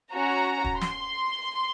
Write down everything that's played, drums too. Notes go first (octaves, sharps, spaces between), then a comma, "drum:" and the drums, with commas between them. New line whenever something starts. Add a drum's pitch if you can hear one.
C#4 F#4 A#5
drum: kick
C6, drum: snare